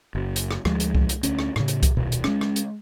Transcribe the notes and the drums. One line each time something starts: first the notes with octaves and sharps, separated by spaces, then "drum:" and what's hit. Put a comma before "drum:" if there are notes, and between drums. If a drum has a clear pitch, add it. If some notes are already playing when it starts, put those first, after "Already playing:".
F#1
drum: hi-hat
drum: rim click
D2 F3 G#3, drum: rim click
drum: hi-hat
drum: kick C2
drum: hi-hat
D2 C#4, drum: hi-hat
drum: rim click
A2 C#3, drum: rim click
drum: hi-hat
drum: kick C2, hi-hat
D#1 B2
drum: hi-hat
G#3 C#4, drum: rim click
drum: rim click
drum: hi-hat